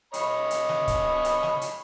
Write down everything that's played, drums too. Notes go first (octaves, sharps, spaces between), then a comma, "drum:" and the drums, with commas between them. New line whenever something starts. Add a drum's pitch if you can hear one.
C#5 D#5 B5, drum: hi-hat
drum: hi-hat
drum: snare
drum: kick C#1, hi-hat
drum: hi-hat
drum: snare
drum: hi-hat